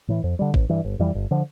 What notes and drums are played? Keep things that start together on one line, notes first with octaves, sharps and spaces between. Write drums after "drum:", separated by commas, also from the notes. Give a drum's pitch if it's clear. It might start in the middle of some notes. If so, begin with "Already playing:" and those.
A2 E3
F2
D3 G3
A1, drum: kick A1
G2 E3
G1
F2 E3 G3
G1
D3 F3